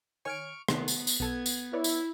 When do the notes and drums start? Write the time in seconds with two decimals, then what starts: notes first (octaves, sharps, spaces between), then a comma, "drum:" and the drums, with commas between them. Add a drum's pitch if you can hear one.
0.25 D#3 C#5 G#5 C#6 F6 D7
0.68 C3 D#3 A3 B3, drum: rim click
0.88 drum: tambourine
1.07 drum: tambourine
1.20 B1 B3 A4 G#6
1.46 drum: tambourine
1.73 E4 B4 C#5 D5
1.84 drum: tambourine